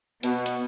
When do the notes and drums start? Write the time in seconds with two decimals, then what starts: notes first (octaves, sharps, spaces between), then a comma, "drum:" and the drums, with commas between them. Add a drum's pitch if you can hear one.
0.23 B2 B3, drum: hi-hat
0.46 drum: hi-hat